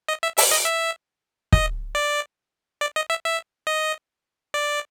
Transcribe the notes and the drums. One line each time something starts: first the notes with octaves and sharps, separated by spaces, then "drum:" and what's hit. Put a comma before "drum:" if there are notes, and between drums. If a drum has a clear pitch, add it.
D#5
E5
E5, drum: open hi-hat
D#5
E5
D#5, drum: kick
D5
D5
D#5
E5
E5
D#5
D5